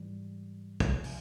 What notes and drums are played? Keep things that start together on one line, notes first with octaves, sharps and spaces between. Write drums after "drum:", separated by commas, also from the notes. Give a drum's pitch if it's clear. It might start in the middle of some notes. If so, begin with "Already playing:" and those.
Already playing: G#2 E3 G3
C#2 C3 F3, drum: kick, hi-hat
drum: open hi-hat